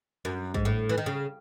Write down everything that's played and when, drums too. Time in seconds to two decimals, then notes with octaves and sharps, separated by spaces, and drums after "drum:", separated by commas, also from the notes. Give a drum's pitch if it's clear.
0.25 F#2
0.54 G#2, drum: kick
0.65 A2
0.89 E3
0.98 D#3
1.06 C#3